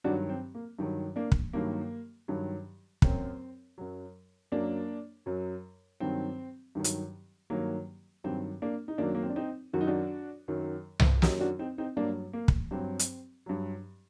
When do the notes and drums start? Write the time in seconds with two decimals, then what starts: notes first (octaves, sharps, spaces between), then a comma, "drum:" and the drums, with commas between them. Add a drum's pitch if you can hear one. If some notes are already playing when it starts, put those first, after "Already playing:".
0.04 G2 D#3 F#3 D4 F#4
0.29 C4
0.55 A#3
0.79 G2 D#3 F#3
1.16 A#3 D4
1.32 drum: kick
1.53 G2 D#3 F#3 A#3
2.28 G2 D#3 F#3
3.02 F#2 F#3 C4, drum: kick
3.78 F#2 F#3
4.52 F#2 F#3 A#3 D4
5.26 F#2 F#3
6.00 G2 D#3 F#3 C4
6.75 G2 D#3 F#3
6.84 drum: hi-hat
7.50 G2 D#3 F#3 A#3
8.24 G2 D#3 F#3 C4
8.62 A#3 D4
8.88 D#4
8.98 F#2 D#3 F#3 A#3 D4
9.15 A#3
9.22 C4
9.30 D4
9.36 C4 D#4
9.73 F#2 D#3 F#3 F#4
9.81 D#4
9.87 D4 F#4
10.48 F#2 D#3 F#3
11.00 drum: tom C2
11.22 F#2 D#3 F#3 D#4 G4, drum: snare
11.40 D4 F#4
11.59 C4 D#4
11.78 C4 D#4
11.96 G2 F#3 A#3 D4
12.33 A#3
12.48 drum: kick
12.71 G2 F#3 C4
12.99 drum: hi-hat
13.46 G2 F#3